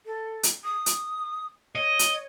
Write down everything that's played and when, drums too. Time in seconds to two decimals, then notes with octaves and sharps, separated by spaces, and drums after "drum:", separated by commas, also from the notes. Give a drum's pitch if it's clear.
0.06 A4
0.43 drum: hi-hat
0.64 D#6
0.86 drum: hi-hat
1.75 C#5 D#5
1.99 drum: hi-hat